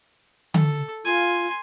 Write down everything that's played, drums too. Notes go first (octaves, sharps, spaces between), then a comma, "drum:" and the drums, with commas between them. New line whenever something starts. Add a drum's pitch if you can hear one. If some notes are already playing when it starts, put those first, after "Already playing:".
A4, drum: tom D3
F4 G#5 C6